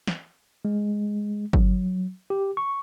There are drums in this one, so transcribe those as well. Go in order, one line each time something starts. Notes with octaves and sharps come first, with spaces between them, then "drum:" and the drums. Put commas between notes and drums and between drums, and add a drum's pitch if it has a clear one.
drum: snare
G#3
F#3, drum: kick G1
G4
C#6